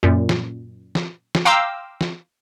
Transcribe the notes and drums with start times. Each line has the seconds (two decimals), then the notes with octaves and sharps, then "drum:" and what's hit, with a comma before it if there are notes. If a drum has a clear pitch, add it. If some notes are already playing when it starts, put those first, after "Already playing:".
0.03 F#2 A#2
0.29 drum: snare
0.95 drum: snare
1.35 drum: snare
1.45 F5 G5 A#5 C6 D6 E6
2.01 drum: snare